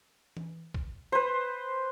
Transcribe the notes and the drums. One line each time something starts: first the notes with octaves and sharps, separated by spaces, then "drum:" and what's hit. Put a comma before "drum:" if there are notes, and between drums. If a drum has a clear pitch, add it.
drum: tom E3
drum: kick
B4 C5